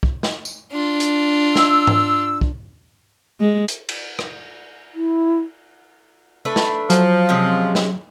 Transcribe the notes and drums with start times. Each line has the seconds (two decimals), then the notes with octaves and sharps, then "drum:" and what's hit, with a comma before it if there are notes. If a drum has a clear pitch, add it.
0.03 drum: kick
0.23 drum: snare
0.45 drum: tambourine
0.72 D4 F4
1.00 drum: hi-hat
1.55 E6, drum: snare
1.87 drum: tom G#2
2.41 drum: kick
3.40 G#3
3.68 drum: hi-hat
3.89 drum: cymbal
4.19 drum: rim click
4.95 E4
6.45 A3 D4 B4
6.56 drum: snare
6.90 F3 F#3, drum: hi-hat
7.29 C3 G#3 C#4
7.75 drum: snare